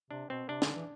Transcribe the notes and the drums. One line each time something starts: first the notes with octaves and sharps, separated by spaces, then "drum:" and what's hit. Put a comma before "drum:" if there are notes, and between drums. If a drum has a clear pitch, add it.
C3 D4
B2 C4
C3 D4
D3, drum: snare
E3